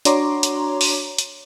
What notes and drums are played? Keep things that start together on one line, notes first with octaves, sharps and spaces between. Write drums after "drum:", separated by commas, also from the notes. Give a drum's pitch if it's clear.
D4 F#4 C#5 A#5 C6 D6, drum: hi-hat
drum: hi-hat
drum: open hi-hat
drum: hi-hat